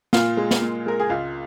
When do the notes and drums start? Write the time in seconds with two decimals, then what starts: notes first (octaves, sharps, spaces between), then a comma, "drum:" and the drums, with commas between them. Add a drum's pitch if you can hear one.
0.13 A#2 F4, drum: snare
0.37 G#3
0.51 drum: snare
0.62 A#2
0.86 G#3 A#4
1.00 G#4
1.10 C#2 F4